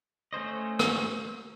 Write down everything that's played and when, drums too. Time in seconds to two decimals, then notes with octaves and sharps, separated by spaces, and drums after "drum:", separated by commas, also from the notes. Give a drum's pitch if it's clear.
0.33 A3 C#4 C5 D#5
0.79 drum: rim click